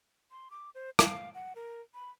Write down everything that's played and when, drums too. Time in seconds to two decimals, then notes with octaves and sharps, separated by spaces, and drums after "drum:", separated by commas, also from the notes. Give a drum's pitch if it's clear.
0.31 C6
0.51 D6
0.75 C5
0.99 F5, drum: rim click
1.34 F#5
1.55 A#4
1.94 B5